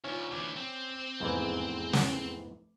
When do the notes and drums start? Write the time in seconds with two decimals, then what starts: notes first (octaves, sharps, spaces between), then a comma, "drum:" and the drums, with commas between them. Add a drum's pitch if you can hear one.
0.04 D2 C#4 D#4 F4
0.32 D2 E3 D6
0.57 C4
1.20 F1 E2 G#2 E3
1.93 drum: snare